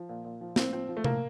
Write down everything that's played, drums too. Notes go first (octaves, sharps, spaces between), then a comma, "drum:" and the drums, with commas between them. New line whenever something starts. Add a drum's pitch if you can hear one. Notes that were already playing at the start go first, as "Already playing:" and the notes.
Already playing: F3
A#2
A#2
F3
A2 C4, drum: snare
F3 C4
F3
A3
A2 A#3, drum: tom C3